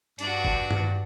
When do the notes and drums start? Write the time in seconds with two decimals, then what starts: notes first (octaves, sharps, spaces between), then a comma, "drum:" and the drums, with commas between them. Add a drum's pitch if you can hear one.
0.19 G2 D4 F#4, drum: hi-hat
0.45 drum: kick
0.71 drum: tom G2